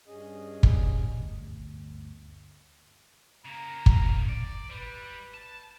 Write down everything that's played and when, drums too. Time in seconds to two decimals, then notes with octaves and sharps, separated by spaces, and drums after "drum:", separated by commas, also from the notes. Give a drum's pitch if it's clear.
0.08 G2 C#4 G#4 D#5
0.63 drum: kick
1.21 G1 D2
3.46 C#3 A#3 A#5
3.86 drum: kick
4.29 D5
4.70 G3 B4
5.34 A5